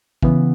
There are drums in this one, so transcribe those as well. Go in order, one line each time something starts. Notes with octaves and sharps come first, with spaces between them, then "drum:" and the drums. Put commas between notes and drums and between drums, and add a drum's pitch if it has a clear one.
C#3 E3 B3, drum: kick